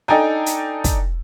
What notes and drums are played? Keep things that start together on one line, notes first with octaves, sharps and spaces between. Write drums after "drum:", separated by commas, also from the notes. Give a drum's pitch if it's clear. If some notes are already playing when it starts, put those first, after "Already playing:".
D4 D#4 A4 G5 G#5 A#5, drum: rim click
drum: hi-hat
drum: kick, hi-hat